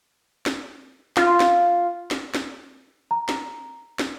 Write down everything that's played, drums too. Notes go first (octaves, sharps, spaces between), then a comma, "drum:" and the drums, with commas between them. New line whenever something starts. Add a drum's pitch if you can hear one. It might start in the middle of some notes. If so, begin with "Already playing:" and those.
drum: snare
F4, drum: snare
drum: snare
drum: snare
drum: snare
A#5
drum: snare
drum: snare